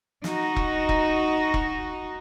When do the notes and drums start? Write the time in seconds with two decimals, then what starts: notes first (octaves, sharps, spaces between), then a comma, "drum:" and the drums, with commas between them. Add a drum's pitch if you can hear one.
0.24 D#4 F#4, drum: snare
0.56 drum: kick E1
0.89 drum: kick E1
1.54 drum: kick E1